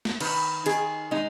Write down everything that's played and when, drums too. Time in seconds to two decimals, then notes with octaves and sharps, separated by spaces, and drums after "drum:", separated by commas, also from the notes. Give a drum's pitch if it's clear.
0.05 drum: snare
0.20 D#3 B4, drum: cymbal
0.66 D#3 G#4, drum: hi-hat
1.11 G#3 D#4